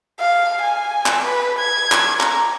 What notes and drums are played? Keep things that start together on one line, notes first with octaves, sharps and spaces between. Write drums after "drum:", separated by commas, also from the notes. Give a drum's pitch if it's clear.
F5
G#5
drum: clap
B4
G#6
drum: clap
A#5, drum: clap